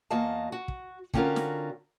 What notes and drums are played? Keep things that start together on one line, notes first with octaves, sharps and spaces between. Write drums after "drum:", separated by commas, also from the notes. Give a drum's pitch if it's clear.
E2 A#3 F#4 D#5 F5 A5
F#4
drum: kick
D3 C4 C#4 F4 F#4 A#4, drum: kick
drum: snare